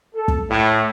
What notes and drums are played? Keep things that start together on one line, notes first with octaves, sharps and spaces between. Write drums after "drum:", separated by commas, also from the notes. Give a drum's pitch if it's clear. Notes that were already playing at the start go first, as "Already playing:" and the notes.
A4
drum: kick
A2